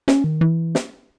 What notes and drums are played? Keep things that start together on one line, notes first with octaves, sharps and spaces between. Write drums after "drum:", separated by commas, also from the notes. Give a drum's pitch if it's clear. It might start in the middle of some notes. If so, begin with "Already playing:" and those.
C#4, drum: snare
D#3
E3
drum: snare